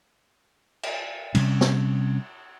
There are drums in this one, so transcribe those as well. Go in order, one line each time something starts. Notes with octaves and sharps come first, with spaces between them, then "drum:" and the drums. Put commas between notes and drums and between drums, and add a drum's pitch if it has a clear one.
drum: cymbal
C3 G3 C#4, drum: cymbal
drum: snare